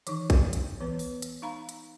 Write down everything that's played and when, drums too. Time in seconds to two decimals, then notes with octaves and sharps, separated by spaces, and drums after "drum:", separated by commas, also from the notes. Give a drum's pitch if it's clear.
0.07 D#3 E3 D#4, drum: hi-hat
0.30 drum: kick, hi-hat
0.53 drum: hi-hat
0.81 E3 B3 B4
0.99 drum: open hi-hat
1.22 drum: hi-hat
1.42 D#4 F5 A#5 B5
1.69 drum: hi-hat